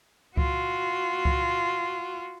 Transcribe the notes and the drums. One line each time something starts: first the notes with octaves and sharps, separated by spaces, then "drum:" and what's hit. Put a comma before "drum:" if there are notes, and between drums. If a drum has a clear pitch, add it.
F4 F#4, drum: kick C#2
drum: kick C#2